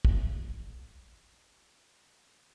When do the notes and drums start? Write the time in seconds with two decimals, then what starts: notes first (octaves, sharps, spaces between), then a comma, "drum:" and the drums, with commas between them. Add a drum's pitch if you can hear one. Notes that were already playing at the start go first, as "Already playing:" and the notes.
0.05 A4 D5 E5 F5 G#5, drum: kick